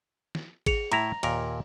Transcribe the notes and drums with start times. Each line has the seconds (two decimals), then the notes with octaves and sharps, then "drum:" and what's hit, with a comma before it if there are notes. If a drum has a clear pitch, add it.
0.35 drum: snare
0.66 G#4 C#7 F7, drum: kick, cymbal
0.92 A2 E4 A#5 A#6 F7, drum: cymbal
1.23 D#2 A#2 A#4, drum: cymbal